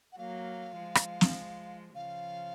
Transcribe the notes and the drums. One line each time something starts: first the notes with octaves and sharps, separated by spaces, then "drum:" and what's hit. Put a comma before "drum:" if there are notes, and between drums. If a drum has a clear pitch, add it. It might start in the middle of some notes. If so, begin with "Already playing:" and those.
F#5
F#3 A#3 F5
F3 G#3
drum: rim click
drum: snare
C#3 F3 F5